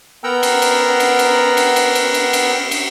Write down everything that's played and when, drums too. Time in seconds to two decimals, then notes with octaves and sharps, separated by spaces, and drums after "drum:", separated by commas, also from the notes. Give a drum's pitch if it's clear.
0.24 B3 A#4 F#5 G5 A#5 E6
0.43 drum: cymbal
0.62 drum: cymbal
1.00 drum: cymbal
1.19 drum: cymbal
1.57 drum: cymbal
1.76 drum: cymbal
1.95 drum: cymbal
2.14 drum: cymbal
2.33 drum: cymbal
2.71 drum: cymbal